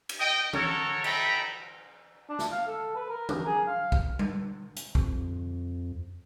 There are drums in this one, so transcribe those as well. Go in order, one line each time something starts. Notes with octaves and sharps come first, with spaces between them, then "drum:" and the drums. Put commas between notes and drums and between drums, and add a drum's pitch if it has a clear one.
drum: cymbal
D#5 G5
F#4 A4 A#4 C#5, drum: tom E3
D#4 A4 E5 G5 A#5 B5, drum: cymbal
D4
drum: snare
F5
A4
B4
A#4
drum: tom E3
G#4
F5
drum: kick
drum: tom G3
drum: hi-hat
F2, drum: kick